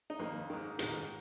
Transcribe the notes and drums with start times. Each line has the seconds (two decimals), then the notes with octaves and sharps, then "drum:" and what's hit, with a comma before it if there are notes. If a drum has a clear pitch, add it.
0.10 D#4
0.19 F2 D#3 A#3
0.50 G#2 D#3
0.79 G#2 D#3, drum: hi-hat